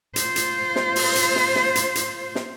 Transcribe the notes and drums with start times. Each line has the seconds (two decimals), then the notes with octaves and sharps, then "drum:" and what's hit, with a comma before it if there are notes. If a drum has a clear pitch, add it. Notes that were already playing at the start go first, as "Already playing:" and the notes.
0.16 F4 C5, drum: hi-hat
0.36 drum: hi-hat
0.76 drum: snare
0.96 drum: open hi-hat
1.16 drum: hi-hat
1.36 drum: snare
1.56 drum: snare
1.75 drum: hi-hat
1.95 drum: hi-hat
2.35 drum: snare